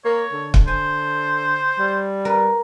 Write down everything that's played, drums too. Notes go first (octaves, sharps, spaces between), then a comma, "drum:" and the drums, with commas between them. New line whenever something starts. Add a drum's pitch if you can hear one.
A#3 C#5
D3
drum: kick
C5 G#5
G3
A#4 B4